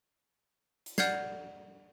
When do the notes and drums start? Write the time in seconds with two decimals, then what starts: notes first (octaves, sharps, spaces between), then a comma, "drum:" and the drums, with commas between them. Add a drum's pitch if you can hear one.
0.86 drum: hi-hat
0.98 D5 F#5 F6 G6 G#6 C7, drum: snare